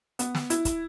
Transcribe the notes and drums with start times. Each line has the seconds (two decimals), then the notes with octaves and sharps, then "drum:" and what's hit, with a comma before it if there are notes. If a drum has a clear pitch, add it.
0.19 B3, drum: hi-hat
0.35 drum: snare
0.50 E4, drum: hi-hat
0.65 drum: kick, hi-hat